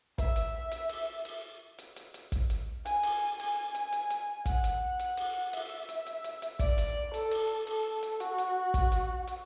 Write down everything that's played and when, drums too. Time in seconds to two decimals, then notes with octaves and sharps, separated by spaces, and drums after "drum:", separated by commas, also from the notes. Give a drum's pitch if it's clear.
0.18 E5, drum: kick, hi-hat
0.36 drum: hi-hat
0.71 drum: hi-hat
0.89 drum: open hi-hat
1.25 drum: open hi-hat
1.78 drum: hi-hat
1.96 drum: hi-hat
2.14 drum: hi-hat
2.32 drum: kick, hi-hat
2.50 drum: hi-hat
2.85 G#5, drum: hi-hat
3.03 drum: open hi-hat
3.40 G#5, drum: open hi-hat
3.75 drum: hi-hat
3.92 drum: hi-hat
4.10 drum: hi-hat
4.46 F#5, drum: kick, hi-hat
4.64 drum: hi-hat
4.99 drum: hi-hat
5.17 drum: open hi-hat
5.53 E5, drum: open hi-hat
5.89 drum: hi-hat
6.06 drum: hi-hat
6.24 drum: hi-hat
6.42 drum: hi-hat
6.59 D5, drum: kick, hi-hat
6.78 drum: hi-hat
7.14 A4, drum: hi-hat
7.31 drum: open hi-hat
7.67 A4, drum: open hi-hat
8.03 drum: hi-hat
8.20 F#4, drum: hi-hat
8.38 drum: hi-hat
8.74 drum: kick, hi-hat
8.92 drum: hi-hat
9.27 drum: hi-hat